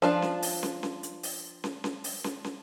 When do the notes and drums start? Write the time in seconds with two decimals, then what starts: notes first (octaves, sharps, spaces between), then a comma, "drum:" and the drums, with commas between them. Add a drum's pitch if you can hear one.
0.02 F3 D4 F4, drum: snare
0.22 drum: snare
0.42 drum: open hi-hat
0.63 drum: snare
0.83 drum: snare
1.03 drum: hi-hat
1.23 drum: open hi-hat
1.64 drum: snare
1.84 drum: snare
2.04 drum: open hi-hat
2.24 drum: snare
2.44 drum: snare